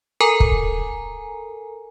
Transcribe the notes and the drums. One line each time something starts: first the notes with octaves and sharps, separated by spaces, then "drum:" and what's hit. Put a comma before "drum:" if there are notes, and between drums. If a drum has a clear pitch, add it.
A4 A#4 G#5 A#5
drum: kick